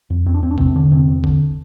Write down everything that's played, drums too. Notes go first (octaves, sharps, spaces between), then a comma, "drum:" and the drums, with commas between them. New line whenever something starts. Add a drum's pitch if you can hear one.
F2
E2 C4
D4
E2 C4
D4
E2 C3 C4, drum: kick
D3
E2 C3 C4
E2
D3, drum: kick